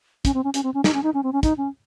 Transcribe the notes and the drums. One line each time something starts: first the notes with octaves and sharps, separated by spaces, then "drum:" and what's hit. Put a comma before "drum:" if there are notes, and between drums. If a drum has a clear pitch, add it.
C#4, drum: kick, hi-hat
C4
C#4
C#4, drum: hi-hat
C4
C#4
D#4, drum: snare
C#4
D#4
C#4
C4
C#4
D#4, drum: kick, hi-hat
C#4